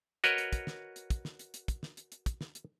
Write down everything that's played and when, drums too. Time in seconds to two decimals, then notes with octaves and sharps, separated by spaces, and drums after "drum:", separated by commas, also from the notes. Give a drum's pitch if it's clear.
0.24 F#4 A#4 B4 C#5 D#5, drum: hi-hat
0.38 drum: hi-hat
0.53 drum: kick, hi-hat
0.67 drum: snare
0.96 drum: hi-hat
1.10 drum: kick, hi-hat
1.25 drum: snare
1.39 drum: hi-hat
1.54 drum: hi-hat
1.68 drum: kick, hi-hat
1.83 drum: snare
1.97 drum: hi-hat
2.12 drum: hi-hat
2.26 drum: kick, hi-hat
2.41 drum: snare
2.55 drum: hi-hat